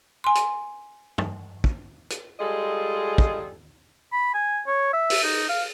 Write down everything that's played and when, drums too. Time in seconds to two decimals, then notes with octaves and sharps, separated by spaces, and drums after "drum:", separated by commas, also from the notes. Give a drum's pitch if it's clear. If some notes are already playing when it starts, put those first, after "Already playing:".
0.24 G#5 C6
0.35 drum: hi-hat
1.18 drum: tom G2
1.64 drum: kick
2.10 drum: hi-hat
2.39 G3 G#3 F4 G#4 A4 D#5
3.18 drum: kick
4.12 B5
4.34 G#5
4.67 C#5
4.93 E5
5.10 drum: open hi-hat
5.24 D#4
5.49 F5